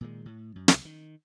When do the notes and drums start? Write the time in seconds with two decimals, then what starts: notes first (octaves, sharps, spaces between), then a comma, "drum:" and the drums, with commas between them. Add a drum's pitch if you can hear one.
0.01 A#2 D#3 G#3
0.26 A2
0.56 F#2
0.68 C2, drum: snare
0.85 D#3